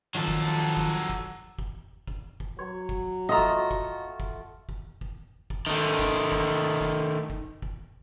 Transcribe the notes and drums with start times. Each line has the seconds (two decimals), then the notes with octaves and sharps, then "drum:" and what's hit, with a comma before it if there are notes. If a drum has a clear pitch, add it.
0.15 D#3 F3 F#3 A4
0.28 drum: kick
0.77 drum: kick
1.10 drum: kick
1.59 drum: kick
2.07 drum: kick
2.40 drum: kick
2.59 F#3 C#5
2.89 drum: kick
3.29 A3 F4 F#4 A4 D#5 A#5
3.38 drum: kick
3.71 drum: kick
4.20 drum: kick
4.69 drum: kick
5.01 drum: kick
5.50 drum: kick
5.67 D#3 A3
5.99 drum: kick
6.32 drum: kick
6.81 drum: kick
7.30 drum: kick
7.62 drum: kick